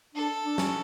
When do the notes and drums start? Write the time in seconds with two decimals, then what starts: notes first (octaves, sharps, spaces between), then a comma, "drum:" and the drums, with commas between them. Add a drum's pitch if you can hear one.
0.15 D4 A4
0.46 D4
0.58 C#4, drum: snare